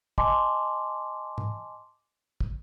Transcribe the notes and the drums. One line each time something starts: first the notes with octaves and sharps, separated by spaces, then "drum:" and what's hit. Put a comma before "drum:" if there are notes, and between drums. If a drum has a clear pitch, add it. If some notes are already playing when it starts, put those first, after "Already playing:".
D#5 G#5 A5 C6 D6, drum: kick
drum: tom G#2
drum: kick